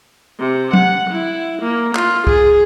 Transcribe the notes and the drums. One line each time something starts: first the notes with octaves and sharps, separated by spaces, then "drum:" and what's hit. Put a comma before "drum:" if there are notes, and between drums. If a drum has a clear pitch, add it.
C3
F#5, drum: tom
E4
A#3
F4, drum: clap
G#4, drum: kick